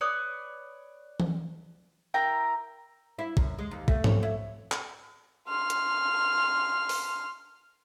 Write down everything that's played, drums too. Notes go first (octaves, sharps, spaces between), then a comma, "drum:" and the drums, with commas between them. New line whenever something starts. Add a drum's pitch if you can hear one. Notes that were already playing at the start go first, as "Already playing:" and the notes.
B4 C#5 D5 D#6
drum: tom E3
E4 A#4 G5 A#5
E4
F#2, drum: kick
G#3
D#2
A3, drum: kick
C#5, drum: tom G#2
E4
drum: clap
C6 F6
drum: hi-hat
drum: open hi-hat